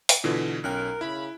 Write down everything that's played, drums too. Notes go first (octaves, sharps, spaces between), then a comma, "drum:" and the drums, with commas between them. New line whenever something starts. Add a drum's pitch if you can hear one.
drum: open hi-hat
B2 D3 E3 E4 F4
B1 C#4 A#4 G5 F6 F#6
C#3 E4 B5